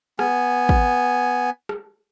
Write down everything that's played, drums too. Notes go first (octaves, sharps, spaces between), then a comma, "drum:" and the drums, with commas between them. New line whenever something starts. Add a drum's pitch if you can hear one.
B3 G#5, drum: rim click
drum: kick
drum: rim click